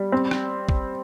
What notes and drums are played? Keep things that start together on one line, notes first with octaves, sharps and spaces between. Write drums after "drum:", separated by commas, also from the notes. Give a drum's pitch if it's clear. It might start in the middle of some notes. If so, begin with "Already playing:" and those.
Already playing: G3
C4
drum: rim click
drum: kick